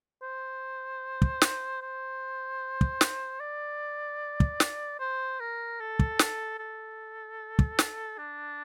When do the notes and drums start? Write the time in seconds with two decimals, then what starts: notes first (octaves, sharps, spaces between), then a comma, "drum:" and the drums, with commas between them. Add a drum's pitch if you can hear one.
0.22 C5
1.22 drum: kick
1.42 drum: snare
1.82 C5
2.81 drum: kick
3.01 drum: snare
3.40 D5
4.40 drum: kick
4.60 drum: snare
5.00 C5
5.40 A#4
5.80 A4
5.99 drum: kick
6.19 drum: snare
6.59 A4
7.59 drum: kick
7.79 drum: snare
8.18 D4